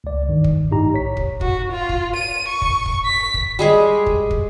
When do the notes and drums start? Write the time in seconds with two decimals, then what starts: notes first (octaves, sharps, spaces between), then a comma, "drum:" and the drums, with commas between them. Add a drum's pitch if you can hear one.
0.04 C#2 D5
0.28 G2 D#3
0.44 drum: kick
0.71 A2 D#4 G4 A#5
0.93 B1 C#5 B6
1.17 drum: kick
1.41 F#4, drum: kick
1.72 F4
1.89 drum: kick
2.16 D#7
2.49 C#6
2.62 drum: kick
2.86 drum: kick
3.06 B6
3.34 drum: kick
3.59 G3 G#3 G#4
4.07 drum: kick
4.31 drum: kick